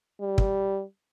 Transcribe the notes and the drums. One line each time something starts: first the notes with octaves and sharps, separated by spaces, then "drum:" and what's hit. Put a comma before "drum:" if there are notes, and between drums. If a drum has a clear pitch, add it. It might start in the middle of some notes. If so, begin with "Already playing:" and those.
G3
drum: kick